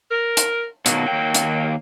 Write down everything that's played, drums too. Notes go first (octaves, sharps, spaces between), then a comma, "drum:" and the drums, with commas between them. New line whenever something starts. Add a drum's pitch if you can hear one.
A#4
drum: hi-hat
B2 D#3 F#3 A#3, drum: hi-hat
D#2 G5
drum: hi-hat